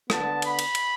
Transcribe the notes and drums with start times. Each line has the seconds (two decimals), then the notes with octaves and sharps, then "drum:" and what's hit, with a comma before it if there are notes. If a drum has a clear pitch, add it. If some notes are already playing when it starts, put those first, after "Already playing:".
0.10 D3 B3 A5, drum: rim click
0.42 B5, drum: cymbal
0.59 drum: cymbal
0.75 drum: cymbal